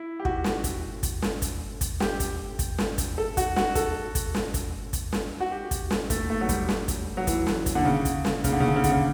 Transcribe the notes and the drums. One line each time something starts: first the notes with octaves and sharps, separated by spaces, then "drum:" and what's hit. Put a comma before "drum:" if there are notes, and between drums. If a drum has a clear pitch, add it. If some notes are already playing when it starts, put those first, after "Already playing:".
Already playing: E4
G4
F#4, drum: kick
drum: snare
drum: kick, hi-hat
drum: kick, hi-hat
drum: snare
drum: kick, hi-hat
drum: kick, hi-hat
G4, drum: snare
drum: kick, hi-hat
drum: kick, hi-hat
drum: snare
drum: kick, hi-hat
A4
F#4, drum: kick, hi-hat
F#4, drum: snare
A4, drum: kick, hi-hat
drum: kick, hi-hat
drum: snare
drum: kick, hi-hat
drum: kick, hi-hat
drum: snare
F#4
G4
drum: kick, hi-hat
drum: snare
A3, drum: kick, hi-hat
A3
F#3
G3, drum: kick, hi-hat
drum: snare
drum: kick, hi-hat
F#3
E3, drum: kick, hi-hat
drum: snare
drum: kick, hi-hat
D3
C#3
drum: kick, hi-hat
drum: snare
C#3, drum: kick, hi-hat
D3
C#3
D3
C#3
D3, drum: kick, hi-hat
C#3